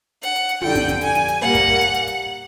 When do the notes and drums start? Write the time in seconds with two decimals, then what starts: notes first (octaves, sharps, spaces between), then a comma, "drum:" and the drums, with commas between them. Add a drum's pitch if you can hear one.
0.23 F#5, drum: hi-hat
0.36 drum: hi-hat
0.49 drum: hi-hat
0.62 F2 D3 G3 G5, drum: tom
0.75 drum: kick, hi-hat
0.88 drum: kick, hi-hat
1.01 G#5, drum: hi-hat
1.15 drum: hi-hat
1.28 drum: hi-hat
1.41 A#2 G3 A#3 F#5
1.55 drum: kick, hi-hat
1.68 drum: kick
1.81 drum: hi-hat
1.94 drum: hi-hat
2.07 drum: hi-hat